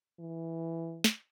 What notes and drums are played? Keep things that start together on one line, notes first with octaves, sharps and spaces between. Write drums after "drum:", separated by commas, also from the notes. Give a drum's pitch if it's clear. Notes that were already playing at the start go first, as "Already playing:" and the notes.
E3
drum: snare